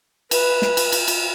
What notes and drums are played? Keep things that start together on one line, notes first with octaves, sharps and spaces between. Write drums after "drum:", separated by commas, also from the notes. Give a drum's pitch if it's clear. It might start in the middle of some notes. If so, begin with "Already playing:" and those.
B4, drum: cymbal
drum: snare
drum: cymbal
drum: cymbal
drum: cymbal